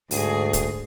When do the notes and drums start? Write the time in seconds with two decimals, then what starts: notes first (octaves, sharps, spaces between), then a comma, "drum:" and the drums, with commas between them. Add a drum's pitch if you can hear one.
0.11 D2 G#2 G#4, drum: open hi-hat
0.53 drum: kick, hi-hat